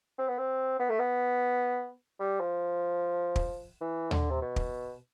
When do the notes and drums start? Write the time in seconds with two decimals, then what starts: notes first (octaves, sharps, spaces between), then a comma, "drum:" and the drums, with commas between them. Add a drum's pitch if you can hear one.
0.19 C4
0.28 B3
0.38 C4
0.79 B3
0.89 A3
1.00 B3
2.20 G3
2.40 F3
3.36 drum: kick
3.81 E3
4.11 D3, drum: tom D#2
4.30 C3
4.41 B2
4.56 drum: kick